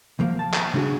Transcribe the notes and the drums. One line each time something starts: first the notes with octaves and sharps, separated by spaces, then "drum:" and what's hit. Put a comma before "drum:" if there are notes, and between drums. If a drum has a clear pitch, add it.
D2 F3 A#3
A5
drum: clap
C#3 G#3 D4 F#4 G#4